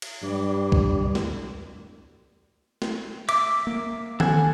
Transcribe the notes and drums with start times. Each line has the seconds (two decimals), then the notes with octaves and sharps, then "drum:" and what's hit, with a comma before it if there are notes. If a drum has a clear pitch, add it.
0.02 drum: cymbal
0.23 G2 G3
0.72 drum: kick
1.15 drum: snare
2.82 drum: snare
3.29 E5 D6, drum: cymbal
3.67 A#3
4.20 A4 F#5 G#5, drum: tom D#3